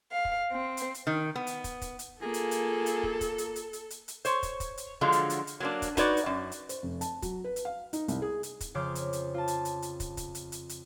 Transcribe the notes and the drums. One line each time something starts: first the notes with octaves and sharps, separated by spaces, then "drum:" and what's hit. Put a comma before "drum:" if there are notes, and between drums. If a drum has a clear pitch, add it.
F5
drum: kick
C4
drum: hi-hat
drum: hi-hat
D#3
B3
drum: hi-hat
drum: kick, hi-hat
drum: kick, hi-hat
drum: hi-hat
A#3 F4 G#4 A4
drum: hi-hat
drum: hi-hat
drum: hi-hat
drum: kick
drum: kick, hi-hat
drum: hi-hat
drum: hi-hat
drum: hi-hat
drum: hi-hat
drum: hi-hat
C5 C#5, drum: hi-hat
drum: kick, hi-hat
drum: kick, hi-hat
drum: hi-hat
D3 F3 F#3 G#3 F4
drum: hi-hat
drum: hi-hat
drum: hi-hat
F#3 A#3 D4
drum: kick, hi-hat
D#4 F#4 B4 C#5 D5, drum: kick, hi-hat
drum: hi-hat
F#2
drum: hi-hat
C5, drum: hi-hat
F1
A5, drum: hi-hat
F#3, drum: kick, hi-hat
B4
drum: hi-hat
F5
D#4, drum: hi-hat
C2, drum: hi-hat
G#4
drum: hi-hat
drum: kick, hi-hat
F2 C#3 C5 D6 F6 G#6
drum: hi-hat
drum: hi-hat
F4 A5
drum: hi-hat
drum: hi-hat
drum: hi-hat
drum: kick, hi-hat
drum: kick, hi-hat
drum: hi-hat
drum: hi-hat
drum: hi-hat